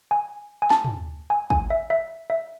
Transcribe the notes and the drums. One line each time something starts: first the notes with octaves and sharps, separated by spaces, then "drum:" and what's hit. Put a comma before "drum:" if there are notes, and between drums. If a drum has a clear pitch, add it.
G#5
G#5
A5, drum: snare
drum: tom
G#5
G#5, drum: kick
E5
E5
E5